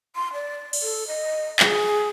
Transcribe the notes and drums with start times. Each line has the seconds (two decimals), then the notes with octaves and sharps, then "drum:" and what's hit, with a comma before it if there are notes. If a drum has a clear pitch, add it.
0.16 C6
0.33 D5
0.73 drum: cymbal
0.83 A4
1.08 D#5
1.59 G#4, drum: clap